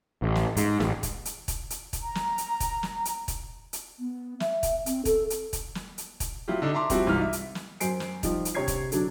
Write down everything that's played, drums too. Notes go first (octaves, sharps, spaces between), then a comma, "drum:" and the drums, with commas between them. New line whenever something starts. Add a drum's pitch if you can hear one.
A1
drum: snare
G#2, drum: hi-hat
A1, drum: snare
drum: kick, hi-hat
drum: hi-hat
drum: kick, hi-hat
drum: hi-hat
drum: kick, hi-hat
A#5
drum: snare
drum: hi-hat
drum: kick, hi-hat
drum: snare
drum: hi-hat
drum: kick, hi-hat
drum: hi-hat
B3
E5, drum: snare
drum: kick, hi-hat
C4, drum: hi-hat
A4, drum: kick, hi-hat
drum: hi-hat
drum: kick, hi-hat
drum: snare
drum: hi-hat
drum: kick, hi-hat
F#3 E4 F4 G4
D3 D4 D#4
E5 A5 A#5 C6 D6
F3 G3 C4 E4 F#4, drum: kick, hi-hat
C2 G#2 E3 F4 F6
E5
drum: hi-hat
drum: snare
F#2 C5 G#5 C7 D7, drum: hi-hat
drum: snare
F3 G3 D#4, drum: kick, hi-hat
drum: hi-hat
C3 D4 C#5 A#5 G#6 C7
drum: kick, hi-hat
D3 F#3 D4, drum: hi-hat